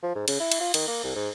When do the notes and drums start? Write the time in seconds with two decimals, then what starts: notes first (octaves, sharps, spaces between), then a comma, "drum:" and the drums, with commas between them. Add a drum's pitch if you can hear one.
0.03 F3
0.15 G#2
0.28 C#3, drum: cymbal
0.40 E4
0.52 drum: cymbal
0.61 F4
0.74 D#3, drum: cymbal
0.87 A#3
1.04 C2
1.16 G#2